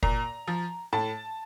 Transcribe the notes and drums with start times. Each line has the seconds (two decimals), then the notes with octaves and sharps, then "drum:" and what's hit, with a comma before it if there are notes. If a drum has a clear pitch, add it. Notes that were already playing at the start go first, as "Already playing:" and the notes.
0.03 A#2 A#5, drum: kick
0.47 F3
0.93 A2 A5